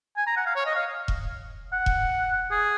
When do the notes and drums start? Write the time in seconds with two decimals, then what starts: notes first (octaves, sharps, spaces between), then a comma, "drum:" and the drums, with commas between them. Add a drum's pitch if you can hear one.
0.17 G#5
0.27 A#5
0.36 F#5
0.46 F5
0.56 C#5
0.66 D#5
0.76 F5
1.08 drum: kick E1
1.73 F#5
1.86 drum: kick E1
2.51 G#4